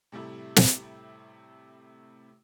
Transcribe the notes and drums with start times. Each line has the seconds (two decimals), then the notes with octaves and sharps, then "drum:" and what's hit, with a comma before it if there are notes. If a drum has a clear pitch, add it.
0.12 A2 C3 G3 A3 E4
0.56 drum: snare